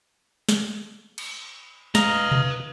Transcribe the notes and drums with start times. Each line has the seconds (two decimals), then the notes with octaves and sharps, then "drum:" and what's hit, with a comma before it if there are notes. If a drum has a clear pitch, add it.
0.49 drum: snare
1.18 drum: cymbal
1.95 B4 D#5 F5 A#5 F6, drum: snare
2.32 drum: tom B2